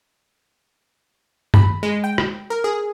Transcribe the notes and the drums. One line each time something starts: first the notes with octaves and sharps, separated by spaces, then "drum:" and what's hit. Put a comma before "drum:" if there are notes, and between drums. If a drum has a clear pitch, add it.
B5, drum: tom G2
G#3
G5
drum: rim click
A#4
G#4